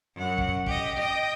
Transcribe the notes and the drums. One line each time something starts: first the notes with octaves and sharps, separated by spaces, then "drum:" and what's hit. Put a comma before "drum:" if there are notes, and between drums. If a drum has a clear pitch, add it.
F#2 F#5
drum: kick
G4 D#5, drum: kick
D#5 G5